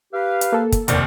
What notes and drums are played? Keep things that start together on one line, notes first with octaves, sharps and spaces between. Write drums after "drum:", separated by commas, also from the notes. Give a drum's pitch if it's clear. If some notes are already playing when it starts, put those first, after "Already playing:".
G4 B4 F5
drum: hi-hat
A#3 A4
drum: kick, hi-hat
F1 D#2 A#4 C5 D5, drum: hi-hat